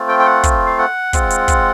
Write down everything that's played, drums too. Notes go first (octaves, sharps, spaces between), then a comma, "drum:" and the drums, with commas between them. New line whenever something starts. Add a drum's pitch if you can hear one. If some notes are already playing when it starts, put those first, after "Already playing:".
Already playing: A3 C4 F4
G5
G5
F#5
drum: kick, hi-hat
F5
F#5
G#3 C4 F4, drum: kick, hi-hat
drum: hi-hat
drum: kick, hi-hat